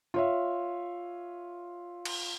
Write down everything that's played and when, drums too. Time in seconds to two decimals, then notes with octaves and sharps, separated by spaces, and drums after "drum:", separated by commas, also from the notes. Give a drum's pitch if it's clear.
0.14 F4 C#5 E5
2.05 drum: cymbal